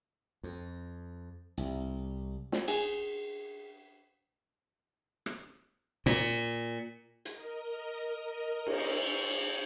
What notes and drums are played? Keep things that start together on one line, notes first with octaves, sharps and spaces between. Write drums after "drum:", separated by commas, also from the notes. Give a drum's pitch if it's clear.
F2
C2
drum: snare
G#4, drum: cymbal
drum: rim click
A#2, drum: snare
A#4 D#5, drum: hi-hat
drum: cymbal